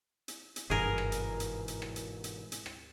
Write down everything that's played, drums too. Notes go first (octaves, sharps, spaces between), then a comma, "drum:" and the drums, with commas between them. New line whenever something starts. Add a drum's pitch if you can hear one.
drum: hi-hat
drum: hi-hat
G1 G#2 B2 E3 G#4 A#4
drum: rim click
drum: hi-hat
drum: hi-hat
drum: hi-hat
drum: rim click
drum: hi-hat
drum: hi-hat
drum: hi-hat
drum: rim click